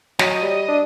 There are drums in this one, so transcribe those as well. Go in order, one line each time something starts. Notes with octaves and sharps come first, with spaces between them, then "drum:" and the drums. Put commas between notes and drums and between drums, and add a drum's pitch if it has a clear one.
F#3 D#5, drum: snare
G3
D4